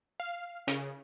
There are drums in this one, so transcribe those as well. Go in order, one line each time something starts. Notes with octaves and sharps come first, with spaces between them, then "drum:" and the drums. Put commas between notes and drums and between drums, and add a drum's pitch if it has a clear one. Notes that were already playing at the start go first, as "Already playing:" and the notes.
F5
C#3, drum: hi-hat